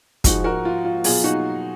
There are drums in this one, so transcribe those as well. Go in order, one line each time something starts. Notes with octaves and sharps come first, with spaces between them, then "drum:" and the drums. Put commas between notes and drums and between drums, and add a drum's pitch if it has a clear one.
G#2 F3 G#3 D#4 F#4, drum: kick, hi-hat
F#4 A#4
F4
F4
B2 F#3 F4 G#4, drum: open hi-hat
D#4 F#4